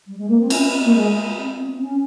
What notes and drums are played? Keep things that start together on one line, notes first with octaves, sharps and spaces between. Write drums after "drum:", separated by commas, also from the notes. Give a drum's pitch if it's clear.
G3
G#3
A#3
C4
C#4, drum: cymbal
C4
A#3
G#3
C4
C4
C4
C#4